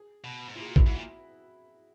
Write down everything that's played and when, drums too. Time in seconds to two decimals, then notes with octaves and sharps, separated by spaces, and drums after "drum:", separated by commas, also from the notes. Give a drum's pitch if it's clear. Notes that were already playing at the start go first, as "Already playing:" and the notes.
Already playing: G#4
0.24 B2
0.48 G#2
0.55 A#2 E4
0.61 G#4
0.66 F#4
0.76 E4, drum: kick
0.86 G#2 E4
0.94 A#2